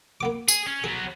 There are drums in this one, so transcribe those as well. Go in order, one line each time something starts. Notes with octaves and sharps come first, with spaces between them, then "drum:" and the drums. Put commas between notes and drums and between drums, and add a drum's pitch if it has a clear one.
A#3 B3 D6
G#4, drum: tambourine
C#4
F#3 B3 G#4